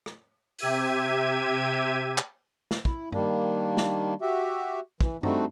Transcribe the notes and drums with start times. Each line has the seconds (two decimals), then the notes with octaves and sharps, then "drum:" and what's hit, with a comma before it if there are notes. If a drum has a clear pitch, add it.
0.06 drum: rim click
0.59 C3 G4 E5 G#6 D#7, drum: open hi-hat
2.18 drum: clap
2.71 drum: snare
2.85 E4, drum: kick
3.12 D#3 G3 A#3 D4, drum: tom G2
3.77 drum: snare
4.21 F#4 G4 E5
5.01 E3, drum: kick
5.23 G3 A3 C4 D4 D#4 F#4, drum: tom G2